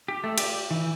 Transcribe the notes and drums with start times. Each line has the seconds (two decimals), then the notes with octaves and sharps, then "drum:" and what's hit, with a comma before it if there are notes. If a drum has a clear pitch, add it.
0.08 G4
0.24 A3
0.38 G4, drum: cymbal
0.71 E3